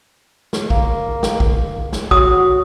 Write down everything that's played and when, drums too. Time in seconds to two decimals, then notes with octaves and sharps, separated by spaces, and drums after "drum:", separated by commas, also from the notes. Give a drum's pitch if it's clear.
0.53 drum: snare
0.70 A#3, drum: kick
1.23 drum: snare
1.40 drum: kick
1.93 drum: snare
2.11 F#3 F#4 D#6, drum: kick